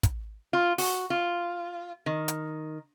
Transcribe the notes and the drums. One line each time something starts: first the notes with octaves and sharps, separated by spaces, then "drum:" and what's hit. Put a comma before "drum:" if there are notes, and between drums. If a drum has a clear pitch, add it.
drum: kick, hi-hat
F4
F#4, drum: open hi-hat
F4
D#3
drum: hi-hat